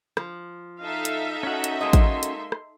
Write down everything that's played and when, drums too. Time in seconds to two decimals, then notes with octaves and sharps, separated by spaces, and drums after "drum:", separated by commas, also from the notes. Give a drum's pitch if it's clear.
0.17 F3, drum: rim click
0.81 D#4 A4 E5 F5
1.05 drum: hi-hat
1.43 C#4 F#4
1.64 drum: hi-hat
1.81 G#3 A#3 D#5 C6
1.93 drum: kick A1, hi-hat
2.23 drum: hi-hat
2.52 drum: rim click